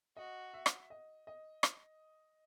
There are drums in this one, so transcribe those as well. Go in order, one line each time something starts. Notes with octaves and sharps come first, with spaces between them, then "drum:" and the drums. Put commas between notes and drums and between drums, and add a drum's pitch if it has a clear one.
F#4 D#5
E5
drum: rim click
D#5
D#5
drum: rim click